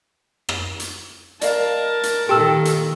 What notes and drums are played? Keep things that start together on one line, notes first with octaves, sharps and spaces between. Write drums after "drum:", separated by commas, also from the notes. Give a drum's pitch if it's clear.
drum: rim click
drum: hi-hat
A#4 D5 D#5 F5 A5, drum: hi-hat
drum: hi-hat
A#2 D#3 G4 A4 G5 A5 E6 F6
drum: hi-hat